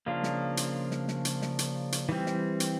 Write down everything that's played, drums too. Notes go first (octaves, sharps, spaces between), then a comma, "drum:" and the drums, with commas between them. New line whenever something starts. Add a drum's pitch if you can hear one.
C#3 F3 A#3 D4 F4
drum: snare
drum: hi-hat
drum: snare
drum: snare
drum: hi-hat
drum: snare
drum: hi-hat
drum: hi-hat
E3 G3 C4
drum: snare
drum: hi-hat